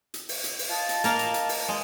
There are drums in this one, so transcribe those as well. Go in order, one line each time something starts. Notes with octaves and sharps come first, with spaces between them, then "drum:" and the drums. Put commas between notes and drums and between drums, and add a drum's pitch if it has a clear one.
drum: hi-hat
drum: open hi-hat
drum: hi-hat
drum: open hi-hat
F4 D#5 A5
drum: hi-hat
A#3 A#4 F5, drum: hi-hat
drum: hi-hat
drum: hi-hat
drum: open hi-hat
G#3